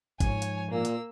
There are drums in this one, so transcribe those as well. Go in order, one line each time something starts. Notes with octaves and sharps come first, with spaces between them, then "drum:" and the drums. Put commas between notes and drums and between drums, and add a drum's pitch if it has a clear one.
G#2 F3 C#5 G#5, drum: kick G#1, hi-hat
drum: hi-hat
A#2 A#3 E6
drum: hi-hat